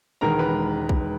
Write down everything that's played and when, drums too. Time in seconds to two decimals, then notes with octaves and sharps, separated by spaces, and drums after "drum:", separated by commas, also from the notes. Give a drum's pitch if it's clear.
0.21 E1 E2 D#3 G#3 A#4 A#5
0.39 B4 B5
0.89 drum: kick